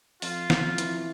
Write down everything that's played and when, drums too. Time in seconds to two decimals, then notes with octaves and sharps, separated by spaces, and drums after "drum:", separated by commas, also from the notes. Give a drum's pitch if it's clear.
0.22 F2 F4, drum: open hi-hat
0.50 F2, drum: snare
0.78 E3, drum: hi-hat